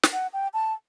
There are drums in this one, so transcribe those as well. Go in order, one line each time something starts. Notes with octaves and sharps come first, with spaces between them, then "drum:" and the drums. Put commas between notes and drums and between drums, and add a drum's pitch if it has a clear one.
drum: snare
F#5
G5
A5